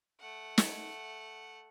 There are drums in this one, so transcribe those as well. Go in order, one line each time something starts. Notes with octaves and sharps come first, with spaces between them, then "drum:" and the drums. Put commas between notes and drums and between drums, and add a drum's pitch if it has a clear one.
A3 F#5
drum: snare